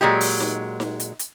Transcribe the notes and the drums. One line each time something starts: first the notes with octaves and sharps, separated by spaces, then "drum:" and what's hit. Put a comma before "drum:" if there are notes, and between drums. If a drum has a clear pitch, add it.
A#2 F#3 G#3 G4
drum: open hi-hat
drum: snare D#4
drum: snare D#4
drum: hi-hat
drum: hi-hat